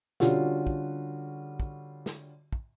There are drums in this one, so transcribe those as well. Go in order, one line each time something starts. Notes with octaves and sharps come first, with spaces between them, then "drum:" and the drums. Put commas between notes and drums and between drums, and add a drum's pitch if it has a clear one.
D3 G3 C#4 F4 F#4, drum: snare
drum: kick
drum: kick
drum: snare
drum: kick